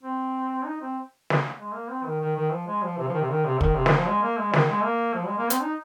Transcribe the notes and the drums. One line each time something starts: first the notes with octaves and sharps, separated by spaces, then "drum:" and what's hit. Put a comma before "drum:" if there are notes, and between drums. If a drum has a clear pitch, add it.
C4
D#4
C4
drum: snare
G#3
A#3
C4
D#3
D#3
D#3
F3
G#3
F3
C3
F3
D#3
C3
D#3
C3
D#3, drum: kick
C3
D#3, drum: snare
F3
G#3
A#3
G#3
D#3, drum: snare
G#3
A#3
F3
G#3
A#3
C4, drum: hi-hat
D#4